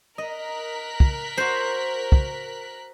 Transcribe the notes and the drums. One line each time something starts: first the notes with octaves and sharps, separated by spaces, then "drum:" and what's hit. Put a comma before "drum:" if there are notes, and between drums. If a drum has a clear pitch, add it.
A#4 D#5 F#6 B6
drum: kick
F#4 C5
drum: kick